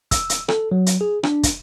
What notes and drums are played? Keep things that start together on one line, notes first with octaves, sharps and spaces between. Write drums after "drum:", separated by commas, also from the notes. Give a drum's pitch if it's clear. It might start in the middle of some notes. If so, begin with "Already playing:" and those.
E6, drum: kick, hi-hat
drum: hi-hat
A4, drum: rim click
F#3
drum: hi-hat
G#4
D4, drum: rim click
drum: kick, hi-hat